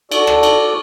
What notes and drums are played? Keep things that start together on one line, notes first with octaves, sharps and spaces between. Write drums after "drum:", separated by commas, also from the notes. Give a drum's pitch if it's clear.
F#4 A4 D5, drum: cymbal
drum: rim click
drum: cymbal